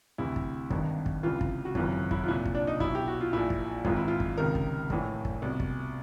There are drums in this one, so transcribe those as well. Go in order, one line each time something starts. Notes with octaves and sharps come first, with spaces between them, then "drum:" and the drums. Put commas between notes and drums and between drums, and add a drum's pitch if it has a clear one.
D2 C3 E3 E4
drum: kick
G#1 G2 D#3, drum: kick
drum: kick
C#2 C3 E3 F4
drum: kick
F#4
G#1 F#2 C#3 E3 F4, drum: kick
E4, drum: kick
F4
C2 A#2 E4
drum: kick
D4
D#4
B1 B2 E4, drum: kick
G4
F#4
F4
A#1 A#2 E4
drum: kick
G#1 G#2 E3 F4, drum: kick
E4
F4
drum: kick
C#2 C3 D#3 A#4
drum: kick
A#1 A2 E3, drum: kick
drum: kick
C2 B2
drum: kick